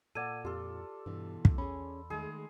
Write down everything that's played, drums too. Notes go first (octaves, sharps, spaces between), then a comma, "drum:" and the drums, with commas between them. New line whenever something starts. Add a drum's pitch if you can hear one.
A#2 A4 D5 F#5 G#6 D#7
F2 F4 G4 A4
G2 B2 E3
drum: kick
E2 C#4 G#4 B5
D#3 G#3 A3 G#4